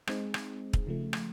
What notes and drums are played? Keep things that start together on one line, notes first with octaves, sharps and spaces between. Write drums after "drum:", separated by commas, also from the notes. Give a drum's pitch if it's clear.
G#3 C4 D#4 G#4, drum: rim click
drum: rim click
drum: kick
C#3 F3 A3
drum: rim click